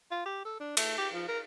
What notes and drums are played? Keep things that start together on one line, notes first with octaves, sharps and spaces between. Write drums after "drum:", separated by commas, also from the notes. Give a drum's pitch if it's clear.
F4
G4
A4
D4
A3, drum: cymbal
G4
F3
A#4